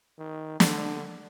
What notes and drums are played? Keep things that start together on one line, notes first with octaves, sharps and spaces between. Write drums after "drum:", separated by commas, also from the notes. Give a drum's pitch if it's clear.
D#3
D3, drum: snare